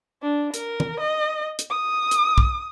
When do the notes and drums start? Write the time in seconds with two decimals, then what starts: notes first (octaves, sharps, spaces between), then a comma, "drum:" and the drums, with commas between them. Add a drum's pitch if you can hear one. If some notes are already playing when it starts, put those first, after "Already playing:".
0.22 D4
0.54 A#4, drum: hi-hat
0.80 drum: tom
1.00 D#5
1.59 drum: hi-hat
1.70 D#6
2.11 drum: hi-hat
2.38 drum: kick